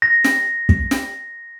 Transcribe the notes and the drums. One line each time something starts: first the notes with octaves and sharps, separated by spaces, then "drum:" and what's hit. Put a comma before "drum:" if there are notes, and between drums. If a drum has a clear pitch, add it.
A#6
drum: snare
drum: kick
drum: snare